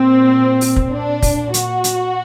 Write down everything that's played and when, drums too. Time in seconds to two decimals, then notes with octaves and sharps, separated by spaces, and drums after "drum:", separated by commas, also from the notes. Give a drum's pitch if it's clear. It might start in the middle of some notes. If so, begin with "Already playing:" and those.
Already playing: A#2 C4
0.61 drum: open hi-hat
0.76 drum: kick
0.91 A#2 D4
1.22 drum: kick, open hi-hat
1.54 F#4, drum: hi-hat
1.84 drum: hi-hat